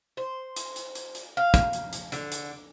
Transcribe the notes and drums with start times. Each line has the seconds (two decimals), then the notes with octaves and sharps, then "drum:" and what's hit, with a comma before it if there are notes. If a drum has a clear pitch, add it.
0.17 C5
0.56 drum: hi-hat
0.76 drum: hi-hat
0.95 drum: hi-hat
1.15 drum: hi-hat
1.37 F5
1.54 drum: kick, hi-hat
1.73 drum: hi-hat
1.93 drum: hi-hat
2.12 D3, drum: hi-hat
2.32 drum: hi-hat